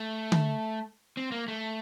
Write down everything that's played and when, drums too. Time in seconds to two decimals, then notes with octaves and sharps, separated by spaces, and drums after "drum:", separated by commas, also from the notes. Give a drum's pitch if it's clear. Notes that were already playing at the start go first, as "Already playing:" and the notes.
Already playing: A3
0.32 drum: tom D3
1.17 C4
1.32 A#3
1.48 A3